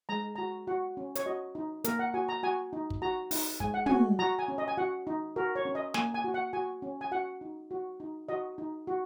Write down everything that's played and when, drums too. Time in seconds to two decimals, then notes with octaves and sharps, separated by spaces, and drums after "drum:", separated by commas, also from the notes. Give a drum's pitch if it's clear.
0.09 G#3 A#5
0.36 F#4 A#5
0.67 F#4 F#5
0.97 C#4
1.15 C#5, drum: hi-hat
1.26 F#4 D#5
1.55 D#4
1.84 A#3 A#4, drum: hi-hat
1.99 F#5
2.14 F#4 G#5
2.29 A#5
2.43 F#4 G#5
2.73 D#4
2.90 drum: kick
3.02 F#4 A#5
3.31 D#4, drum: open hi-hat
3.60 G#3 G#5, drum: kick
3.74 F#5
3.86 F#4 G#5, drum: tom
4.19 F#4 A#5
4.39 G#5
4.48 C#4
4.58 D#5
4.68 G#5
4.77 F#4 F#5
5.07 D#4
5.36 F#4 A#4
5.56 C#5
5.65 C#4
5.75 D#5
5.94 A#3 G#5, drum: snare
6.14 G#5
6.24 F#4
6.34 F#5
6.53 F#4 G#5
6.82 C#4
7.01 G#5
7.12 F#4 F#5
7.41 D#4
7.71 F#4
8.00 D#4
8.29 F#4 D#5
8.58 D#4
8.87 F#4